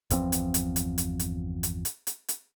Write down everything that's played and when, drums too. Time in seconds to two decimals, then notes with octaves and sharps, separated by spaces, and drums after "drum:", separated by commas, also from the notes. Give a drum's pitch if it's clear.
0.10 G1 E2 F3 C4, drum: hi-hat
0.32 drum: hi-hat
0.54 drum: hi-hat
0.76 drum: hi-hat
0.98 drum: hi-hat
1.19 drum: hi-hat
1.63 drum: hi-hat
1.85 drum: hi-hat
2.07 drum: hi-hat
2.28 drum: hi-hat